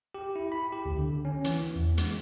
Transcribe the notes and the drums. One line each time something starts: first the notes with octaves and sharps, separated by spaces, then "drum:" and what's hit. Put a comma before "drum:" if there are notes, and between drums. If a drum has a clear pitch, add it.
G4
E4
B5
G4
D2
D3
C#4
E3, drum: hi-hat
E2
G#3, drum: hi-hat